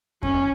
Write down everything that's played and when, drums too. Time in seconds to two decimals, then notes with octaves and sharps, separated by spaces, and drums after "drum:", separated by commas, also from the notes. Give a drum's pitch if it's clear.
0.23 C#4, drum: kick F2